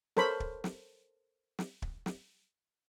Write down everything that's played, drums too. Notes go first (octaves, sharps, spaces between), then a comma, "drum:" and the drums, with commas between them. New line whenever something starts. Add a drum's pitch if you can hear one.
A4 A#4 C5 C#5 B5, drum: snare
drum: kick
drum: snare
drum: snare
drum: kick
drum: snare